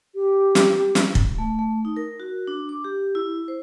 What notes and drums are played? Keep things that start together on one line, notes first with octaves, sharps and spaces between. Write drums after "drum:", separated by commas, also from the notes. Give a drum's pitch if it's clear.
G4
drum: snare
drum: snare
drum: kick
A3
A3
D#4
A#4
F#4
D4
D6
G4
E4
C5